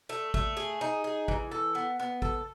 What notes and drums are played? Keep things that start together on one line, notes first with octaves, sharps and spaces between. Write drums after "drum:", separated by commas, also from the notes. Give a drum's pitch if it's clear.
A3
A3, drum: kick
G#4
D#4
G#4
E3, drum: kick
A4
B3
B3
A4, drum: kick